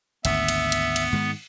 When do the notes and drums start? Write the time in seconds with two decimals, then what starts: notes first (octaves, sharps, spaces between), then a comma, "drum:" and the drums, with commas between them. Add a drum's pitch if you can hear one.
0.25 G#1 D2 B3 E5, drum: cymbal
0.48 drum: cymbal
0.72 drum: cymbal
0.96 drum: cymbal
1.13 G#2 D#3 G#3